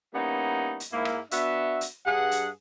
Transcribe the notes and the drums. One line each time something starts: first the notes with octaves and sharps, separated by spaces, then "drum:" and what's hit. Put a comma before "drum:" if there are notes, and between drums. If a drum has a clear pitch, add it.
G3 A#3 B3 C#4 D#4 E4
drum: hi-hat
G#2 A#3 E4
drum: rim click
B3 D4 F#4 E5, drum: hi-hat
drum: hi-hat
G2 G#4 F#5
drum: hi-hat